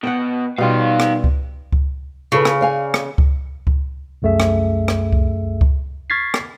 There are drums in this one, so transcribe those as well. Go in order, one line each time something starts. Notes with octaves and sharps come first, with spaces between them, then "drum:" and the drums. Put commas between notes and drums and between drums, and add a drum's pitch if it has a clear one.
B2 F#5 G5
B2 G3 D#4 F4 F5
drum: rim click
drum: kick C#2
drum: kick C#2
C#3 F4 A4 B4
drum: rim click
D5 F5 G#5
drum: rim click
drum: kick C#2
drum: kick C#2
C2 F#2 A3 G#4 E5
drum: rim click
drum: rim click
drum: kick C#2
drum: kick C#2
C#6 F6 G#6 A6 B6 C7
drum: rim click